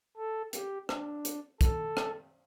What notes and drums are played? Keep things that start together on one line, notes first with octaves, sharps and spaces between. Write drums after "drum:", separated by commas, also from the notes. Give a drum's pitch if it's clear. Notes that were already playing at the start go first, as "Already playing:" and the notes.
A4
G4, drum: hi-hat
D4, drum: rim click
drum: hi-hat
A4, drum: kick, hi-hat
drum: rim click